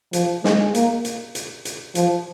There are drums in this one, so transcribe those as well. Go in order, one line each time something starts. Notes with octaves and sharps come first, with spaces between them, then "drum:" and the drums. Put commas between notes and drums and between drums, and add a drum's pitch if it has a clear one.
F3, drum: hi-hat
G#3, drum: snare
A#3, drum: hi-hat
drum: hi-hat
drum: hi-hat
drum: hi-hat
F3, drum: hi-hat